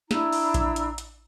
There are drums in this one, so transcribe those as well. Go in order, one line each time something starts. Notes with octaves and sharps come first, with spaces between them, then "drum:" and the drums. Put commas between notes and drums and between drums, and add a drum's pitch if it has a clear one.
D4 E4 A#5 E6, drum: snare
drum: open hi-hat
drum: kick A#1, hi-hat
drum: hi-hat
drum: hi-hat